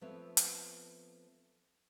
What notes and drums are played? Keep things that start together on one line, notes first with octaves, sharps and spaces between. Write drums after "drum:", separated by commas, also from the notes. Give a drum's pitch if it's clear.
F3 A3 B3 C4 B4 C#5
drum: hi-hat